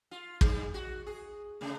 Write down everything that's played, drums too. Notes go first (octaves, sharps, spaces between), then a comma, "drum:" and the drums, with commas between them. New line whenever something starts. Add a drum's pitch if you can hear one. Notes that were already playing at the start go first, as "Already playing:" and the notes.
F4
G2 G#3 G#4, drum: kick
F#4
G#4
C3 A3